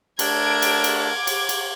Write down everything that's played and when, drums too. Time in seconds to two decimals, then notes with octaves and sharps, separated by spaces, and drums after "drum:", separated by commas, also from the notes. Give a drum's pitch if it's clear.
0.19 A3 D4 A#4 G#6 D7, drum: cymbal
0.62 drum: cymbal
0.84 drum: cymbal
0.98 D6 G#6
1.27 drum: cymbal
1.49 drum: cymbal